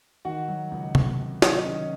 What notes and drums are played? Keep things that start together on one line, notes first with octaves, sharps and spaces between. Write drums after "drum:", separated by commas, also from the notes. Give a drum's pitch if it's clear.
D#3 F#4 F#5
F#3
C#2
C3, drum: tom
C3
F#3, drum: snare
D#5
D#3 C#4 C#5